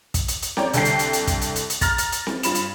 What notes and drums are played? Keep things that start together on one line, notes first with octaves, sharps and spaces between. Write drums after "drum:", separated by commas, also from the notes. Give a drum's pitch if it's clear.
drum: kick, hi-hat
drum: hi-hat
drum: hi-hat
C#5 D5 G5 A#5 D6, drum: snare C4
C2 D3 A4 G5 C7, drum: hi-hat
drum: hi-hat
drum: hi-hat
drum: hi-hat
drum: kick, hi-hat
drum: hi-hat
drum: hi-hat
drum: hi-hat
A#5 F6 A6 A#6, drum: kick, hi-hat
drum: hi-hat
drum: hi-hat
drum: snare C4
G2 F4 B5 E7, drum: hi-hat
drum: hi-hat